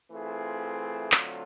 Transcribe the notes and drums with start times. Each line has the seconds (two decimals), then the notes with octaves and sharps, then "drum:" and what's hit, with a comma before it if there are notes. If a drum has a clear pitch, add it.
0.11 E3 A3 C4 F4 G#4
1.12 D3 F#3 A3 C4 F4, drum: clap